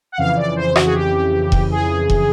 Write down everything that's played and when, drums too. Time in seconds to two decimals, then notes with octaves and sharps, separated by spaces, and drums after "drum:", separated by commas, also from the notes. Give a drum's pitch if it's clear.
0.12 F#5
0.18 F2 C#3 E3 F5
0.37 D5
0.56 C5
0.76 F#4, drum: rim click
0.86 G#4
0.94 G4
1.52 drum: kick E1
1.71 G#4
2.10 drum: kick E1